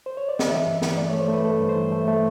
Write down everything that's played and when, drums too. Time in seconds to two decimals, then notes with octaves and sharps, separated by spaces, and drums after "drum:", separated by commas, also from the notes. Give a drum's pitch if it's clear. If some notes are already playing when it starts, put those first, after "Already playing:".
0.06 C5
0.17 C#5
0.29 D5
0.39 D#5, drum: snare
0.49 E3 E5
0.66 G2
0.82 E3, drum: snare
0.97 A3 D5
1.10 C#5
1.13 A3
1.21 C5
1.28 A3
1.33 B4
1.44 A3 A4
1.60 G2
1.69 C5
1.76 E3
1.92 A3
2.08 A3